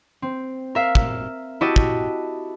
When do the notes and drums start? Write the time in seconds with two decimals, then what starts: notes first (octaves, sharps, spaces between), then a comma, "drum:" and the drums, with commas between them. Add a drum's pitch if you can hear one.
0.22 C4
0.75 A#4 E5 F5
0.95 drum: kick
1.61 E4 F#4 G4 D#5 A5
1.76 drum: kick